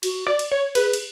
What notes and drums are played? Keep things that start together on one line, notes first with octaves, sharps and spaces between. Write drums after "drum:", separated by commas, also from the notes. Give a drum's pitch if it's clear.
F#4, drum: cymbal
D5
drum: cymbal
C#5
G#4 B4, drum: cymbal
drum: cymbal